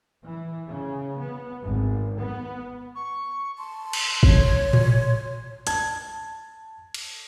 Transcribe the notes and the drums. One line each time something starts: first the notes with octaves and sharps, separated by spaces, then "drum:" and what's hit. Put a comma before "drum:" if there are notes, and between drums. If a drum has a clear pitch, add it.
E3
C#3
B3
G#1
B3
C#6
A5 C6
drum: cymbal
C#5, drum: kick
drum: tom A2
A5 G#6, drum: hi-hat
drum: cymbal